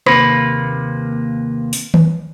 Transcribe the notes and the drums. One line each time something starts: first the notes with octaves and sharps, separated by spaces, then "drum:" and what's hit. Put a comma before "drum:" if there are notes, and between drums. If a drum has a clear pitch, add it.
D#2 C3 A#3 B4, drum: rim click
drum: open hi-hat
drum: tom D#3